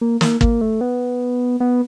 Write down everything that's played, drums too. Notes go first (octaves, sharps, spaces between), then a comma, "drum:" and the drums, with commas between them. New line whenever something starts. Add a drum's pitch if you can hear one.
A#3
A#3, drum: snare
A#3, drum: kick
A3
B3
B3